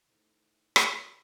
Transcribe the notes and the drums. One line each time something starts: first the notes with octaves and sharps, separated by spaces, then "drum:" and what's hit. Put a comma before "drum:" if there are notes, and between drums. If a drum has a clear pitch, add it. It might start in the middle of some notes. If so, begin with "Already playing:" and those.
C3 D#3 A3 C4 E4
drum: rim click
C#2 C#3 G#3 C4 F#4